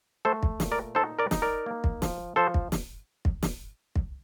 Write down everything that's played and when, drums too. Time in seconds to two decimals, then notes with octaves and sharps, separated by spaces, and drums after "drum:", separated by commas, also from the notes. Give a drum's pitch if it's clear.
0.25 A3 A4 C5
0.43 drum: kick
0.60 A#2, drum: snare
0.72 A#4 D5
0.95 D#4 A4 C5
1.19 A#4 D5
1.31 D#4, drum: snare
1.42 A#4 D5
1.66 A#3
1.84 drum: kick
2.02 F3, drum: snare
2.36 F3 A4 C5
2.54 drum: kick
2.72 drum: snare
3.25 drum: kick
3.43 drum: snare
3.96 drum: kick